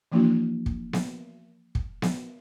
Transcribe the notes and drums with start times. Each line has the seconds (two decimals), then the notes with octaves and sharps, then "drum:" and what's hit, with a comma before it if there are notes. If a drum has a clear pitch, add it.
0.12 E3 F3 A#3 D4 E4 F#4
0.66 drum: kick
0.93 drum: snare B3
1.75 drum: kick
2.02 drum: snare B3